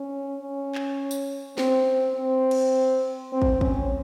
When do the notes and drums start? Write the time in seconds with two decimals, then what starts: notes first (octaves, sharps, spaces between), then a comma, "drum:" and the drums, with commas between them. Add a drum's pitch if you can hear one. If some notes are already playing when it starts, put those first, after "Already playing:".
Already playing: C#4
0.40 C#4
0.75 drum: clap
1.11 drum: tambourine
1.58 C4, drum: snare
2.16 C4
2.51 drum: cymbal
3.33 C4
3.42 drum: kick
3.61 C#4, drum: kick